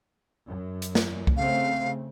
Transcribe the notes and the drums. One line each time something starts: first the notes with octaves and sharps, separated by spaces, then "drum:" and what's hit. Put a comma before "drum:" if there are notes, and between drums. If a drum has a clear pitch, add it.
F#2
drum: hi-hat
drum: snare
drum: kick C2
C#3 A3 C4 F5